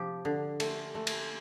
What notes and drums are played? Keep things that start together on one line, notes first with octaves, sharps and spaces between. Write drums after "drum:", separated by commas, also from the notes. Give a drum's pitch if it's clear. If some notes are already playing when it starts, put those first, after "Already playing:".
Already playing: C3 F3 G4
D3
A3, drum: cymbal
A3
drum: cymbal